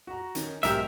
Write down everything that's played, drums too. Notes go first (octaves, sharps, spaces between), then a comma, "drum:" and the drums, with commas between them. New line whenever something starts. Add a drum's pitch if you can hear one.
F#4 A#5
D#3 C#4, drum: hi-hat
B1 G#2 G4 A#4 E5, drum: hi-hat